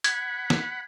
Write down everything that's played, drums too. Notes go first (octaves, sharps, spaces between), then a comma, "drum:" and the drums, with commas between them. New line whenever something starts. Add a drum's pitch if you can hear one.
F#5 B5 G#6, drum: hi-hat
drum: snare